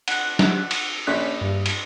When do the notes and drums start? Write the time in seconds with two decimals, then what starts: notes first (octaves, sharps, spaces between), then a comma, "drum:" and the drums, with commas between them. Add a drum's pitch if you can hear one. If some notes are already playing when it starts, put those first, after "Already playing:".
0.08 F#5 F#6, drum: cymbal
0.39 drum: snare
0.71 drum: cymbal
1.07 A#1 C#4 D4 F#6 B6
1.41 G2
1.66 drum: cymbal